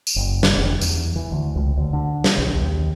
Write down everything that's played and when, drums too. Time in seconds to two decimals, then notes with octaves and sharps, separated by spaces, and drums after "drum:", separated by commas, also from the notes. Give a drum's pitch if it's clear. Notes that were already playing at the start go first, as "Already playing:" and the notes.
0.07 drum: tambourine
0.16 F#1
0.43 drum: snare
0.57 F1
0.81 E2, drum: tambourine
1.16 E3
1.32 D2
1.56 C#2
1.77 D2
1.93 D3
2.24 drum: snare
2.38 B1
2.53 D#2